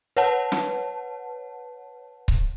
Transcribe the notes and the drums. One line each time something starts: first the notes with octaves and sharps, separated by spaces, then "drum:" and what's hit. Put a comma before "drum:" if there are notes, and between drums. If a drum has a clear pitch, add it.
B4 C#5 F#5 A5, drum: hi-hat
drum: snare
drum: kick C#1